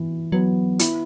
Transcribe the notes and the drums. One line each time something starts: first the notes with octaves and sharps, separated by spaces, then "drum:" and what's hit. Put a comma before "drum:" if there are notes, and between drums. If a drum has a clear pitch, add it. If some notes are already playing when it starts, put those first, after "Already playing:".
Already playing: E3
F#3 B3
E4, drum: hi-hat